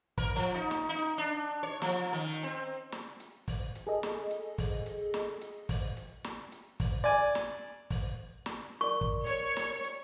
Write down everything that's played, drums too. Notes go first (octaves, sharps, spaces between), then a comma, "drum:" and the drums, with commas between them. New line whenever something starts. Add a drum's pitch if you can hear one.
A#4, drum: kick, open hi-hat
F3
D#4
drum: snare
D#4
drum: hi-hat
D4
C#5
F3, drum: snare
D#3
C4
drum: snare
drum: hi-hat
drum: kick, open hi-hat
drum: hi-hat
G#4 A4 D#5
drum: snare
drum: hi-hat
drum: kick, open hi-hat
drum: hi-hat
drum: snare
drum: hi-hat
drum: kick, open hi-hat
drum: hi-hat
drum: snare
drum: hi-hat
drum: kick, open hi-hat
D5 G#5
drum: snare
drum: kick, open hi-hat
drum: snare
A#4 D5 C#6
drum: kick
C#5, drum: hi-hat
drum: snare
drum: hi-hat